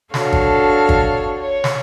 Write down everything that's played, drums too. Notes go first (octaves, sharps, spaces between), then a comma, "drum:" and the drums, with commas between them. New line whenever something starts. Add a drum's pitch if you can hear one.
D4 F#4 A4 C#5 F5, drum: snare
drum: kick
drum: kick
C#5
drum: snare